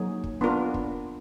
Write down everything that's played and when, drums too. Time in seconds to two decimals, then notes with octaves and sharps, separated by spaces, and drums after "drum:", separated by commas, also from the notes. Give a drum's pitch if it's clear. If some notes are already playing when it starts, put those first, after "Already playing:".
Already playing: F#3 A#3 D#4 G#4
0.24 drum: kick
0.41 B3 D4 F4 A#4
0.74 drum: kick